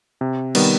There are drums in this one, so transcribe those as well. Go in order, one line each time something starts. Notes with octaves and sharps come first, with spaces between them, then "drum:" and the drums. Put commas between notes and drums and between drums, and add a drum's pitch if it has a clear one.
C3
D#3 G3 B3, drum: cymbal